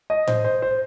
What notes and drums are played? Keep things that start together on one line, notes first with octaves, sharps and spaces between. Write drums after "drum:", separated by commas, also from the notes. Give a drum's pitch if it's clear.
D#5
C5, drum: tom A2
C5
C5